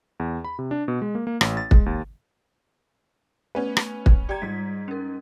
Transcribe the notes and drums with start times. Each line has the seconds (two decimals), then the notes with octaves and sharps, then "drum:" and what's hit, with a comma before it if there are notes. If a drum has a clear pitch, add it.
0.20 E2
0.44 B5
0.59 C3
0.71 D4
0.88 B2
1.02 G#3
1.15 A#3
1.27 A#3
1.41 A1, drum: rim click
1.57 A6
1.71 G#3, drum: kick
1.86 D#2
3.55 A3 B3 C#4 B4
3.77 drum: rim click
4.06 drum: kick
4.29 G4 D5 A#5 G#6
4.42 G#2 G3 B6
4.88 C#4 A#4